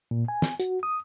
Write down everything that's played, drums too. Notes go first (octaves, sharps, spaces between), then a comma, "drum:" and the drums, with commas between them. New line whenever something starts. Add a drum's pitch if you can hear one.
A#2
G#5
drum: snare
F#4, drum: hi-hat
D#6